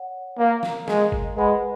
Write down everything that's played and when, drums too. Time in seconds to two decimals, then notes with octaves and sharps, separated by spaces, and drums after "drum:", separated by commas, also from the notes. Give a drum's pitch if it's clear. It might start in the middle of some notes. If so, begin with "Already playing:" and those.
Already playing: C#5 F#5
0.38 A#3 A#4 F5 A#5
0.63 drum: snare
0.88 G#3, drum: snare
1.12 drum: kick G1
1.36 G#3 B4 F#5 B5